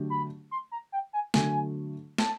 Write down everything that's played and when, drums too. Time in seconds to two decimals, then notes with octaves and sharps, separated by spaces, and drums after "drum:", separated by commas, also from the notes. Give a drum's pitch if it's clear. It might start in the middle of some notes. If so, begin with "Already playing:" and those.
Already playing: D3 F#3 A3 D4 G4
0.10 B5
0.51 C6
0.72 A#5
0.92 G5
1.13 G#5
1.34 D3 F#3 A3 G#5, drum: snare
2.18 A5, drum: snare